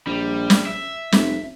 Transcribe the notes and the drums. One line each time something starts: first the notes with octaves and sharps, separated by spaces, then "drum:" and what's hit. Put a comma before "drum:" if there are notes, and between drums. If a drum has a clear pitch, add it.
A#1 G3
drum: snare
E5
F1, drum: snare